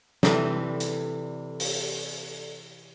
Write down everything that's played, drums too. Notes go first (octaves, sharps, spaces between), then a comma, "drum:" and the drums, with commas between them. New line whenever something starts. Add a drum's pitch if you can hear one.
C3 E3 A4 D5, drum: snare
drum: hi-hat
drum: open hi-hat